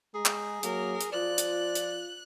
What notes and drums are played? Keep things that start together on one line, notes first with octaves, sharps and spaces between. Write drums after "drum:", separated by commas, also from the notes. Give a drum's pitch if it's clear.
G#3 G#4 A#5
drum: clap
F#3 A#3 A#4, drum: hi-hat
drum: hi-hat
F3 F4 D5 F#6
drum: hi-hat
drum: hi-hat